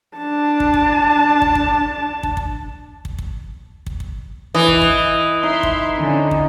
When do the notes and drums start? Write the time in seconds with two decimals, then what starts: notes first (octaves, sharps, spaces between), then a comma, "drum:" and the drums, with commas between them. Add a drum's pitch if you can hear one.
0.17 D4 A5
0.60 drum: kick
0.74 drum: kick
1.42 drum: kick
1.55 drum: kick
2.23 drum: kick
2.37 drum: kick
3.05 drum: kick
3.19 drum: kick
3.87 drum: kick
4.00 drum: kick
4.54 E3 D#5
4.68 drum: kick
4.82 drum: kick
5.43 D#4 E5 C6
5.63 drum: kick
5.98 D3 C#4
6.31 drum: kick